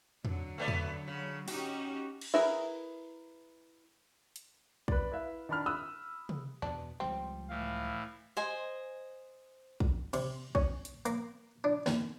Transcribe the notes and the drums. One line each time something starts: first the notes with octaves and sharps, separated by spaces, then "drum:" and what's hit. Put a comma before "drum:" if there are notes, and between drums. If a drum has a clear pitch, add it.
D3 F#3, drum: tom E2
A3 B3 D5
drum: tom E2
C#3
C#4 D#4 F#4 G4, drum: open hi-hat
drum: cymbal
E4 G#4 A#4 B4 E5
drum: hi-hat
B4 D5, drum: kick
E4 B4 E5 F5
D#3 D4 A5 B5 F6
B5 D#6 E6 F#6
drum: tom C3
E2 B2 B3 D4
C#2 F3 G3 C4
A2 E3 F5
C5 D#5 G#5
drum: kick
C3, drum: cymbal
C#4, drum: kick
drum: hi-hat
A#3, drum: hi-hat
D4
D#2, drum: snare